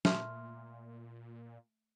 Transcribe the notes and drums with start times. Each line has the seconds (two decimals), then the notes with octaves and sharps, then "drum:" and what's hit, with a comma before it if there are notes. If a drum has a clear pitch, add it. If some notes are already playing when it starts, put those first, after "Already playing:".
0.05 A#2 A3 C6 F6, drum: snare